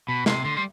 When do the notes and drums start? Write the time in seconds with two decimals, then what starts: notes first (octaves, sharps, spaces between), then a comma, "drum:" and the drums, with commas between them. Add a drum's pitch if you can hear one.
0.08 B2 B5
0.26 C3 C6, drum: snare
0.44 D3 C6
0.57 G3 C6